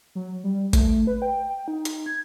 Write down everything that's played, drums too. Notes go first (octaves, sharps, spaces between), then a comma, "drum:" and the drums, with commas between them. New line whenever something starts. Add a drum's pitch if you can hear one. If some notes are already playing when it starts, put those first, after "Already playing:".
F#3
G3
A3, drum: kick G#1, hi-hat
B4
G5
G5
D#4
drum: hi-hat
G#6